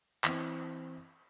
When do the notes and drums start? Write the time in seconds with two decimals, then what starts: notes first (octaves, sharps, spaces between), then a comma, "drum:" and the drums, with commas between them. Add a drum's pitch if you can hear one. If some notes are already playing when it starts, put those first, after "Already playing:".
0.24 E3 C4, drum: clap